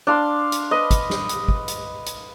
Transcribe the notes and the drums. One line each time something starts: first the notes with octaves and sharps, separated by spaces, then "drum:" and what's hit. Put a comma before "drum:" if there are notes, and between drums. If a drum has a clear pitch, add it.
D4 F5 C6
drum: hi-hat
B4 D#5
drum: kick, hi-hat
drum: snare
drum: hi-hat
drum: kick
drum: hi-hat
drum: hi-hat